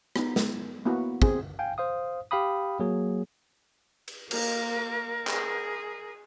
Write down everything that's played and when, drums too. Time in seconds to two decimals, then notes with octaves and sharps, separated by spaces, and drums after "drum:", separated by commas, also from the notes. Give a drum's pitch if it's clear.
0.16 B3 D#4, drum: rim click
0.36 drum: snare
0.85 A#3 B3 E4 F#4
1.22 C4 G#4, drum: kick
1.59 F5 G5 G#5
1.78 C5 F5 D#6
2.31 G4 F5 G5 B5 D#6
2.80 F#3 A#3 G#4
4.08 drum: cymbal
4.31 A#3 A#4, drum: cymbal
5.27 G#4, drum: clap